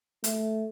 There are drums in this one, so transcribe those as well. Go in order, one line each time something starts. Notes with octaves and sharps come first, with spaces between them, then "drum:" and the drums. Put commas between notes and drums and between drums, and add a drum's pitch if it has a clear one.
A3, drum: hi-hat